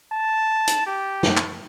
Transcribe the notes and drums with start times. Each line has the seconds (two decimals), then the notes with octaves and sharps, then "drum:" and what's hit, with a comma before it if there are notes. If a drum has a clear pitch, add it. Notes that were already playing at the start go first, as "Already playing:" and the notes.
0.12 A5
0.68 drum: hi-hat
0.86 G4
1.23 drum: snare
1.37 drum: clap